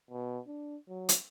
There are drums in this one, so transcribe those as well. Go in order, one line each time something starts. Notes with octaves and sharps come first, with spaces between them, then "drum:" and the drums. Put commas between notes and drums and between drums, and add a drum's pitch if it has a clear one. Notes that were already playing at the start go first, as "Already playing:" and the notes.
B2
D4
F#3
drum: hi-hat